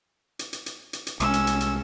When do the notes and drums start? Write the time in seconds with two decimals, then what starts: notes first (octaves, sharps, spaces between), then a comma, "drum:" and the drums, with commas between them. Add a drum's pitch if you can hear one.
0.39 drum: hi-hat
0.53 drum: hi-hat
0.66 drum: hi-hat
0.93 drum: hi-hat
1.07 drum: hi-hat
1.20 C2 G#3 C#4 E6, drum: hi-hat
1.34 drum: hi-hat
1.47 drum: hi-hat
1.60 drum: hi-hat